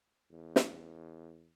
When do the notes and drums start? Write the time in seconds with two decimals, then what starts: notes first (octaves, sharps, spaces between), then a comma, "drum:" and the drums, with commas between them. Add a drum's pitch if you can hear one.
0.31 E2
0.56 drum: snare